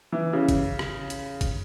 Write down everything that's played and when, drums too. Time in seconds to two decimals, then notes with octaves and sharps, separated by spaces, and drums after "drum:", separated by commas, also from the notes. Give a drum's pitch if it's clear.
0.12 E3
0.33 C#3
0.49 drum: kick, hi-hat
0.79 drum: rim click
1.10 drum: hi-hat
1.41 drum: kick, hi-hat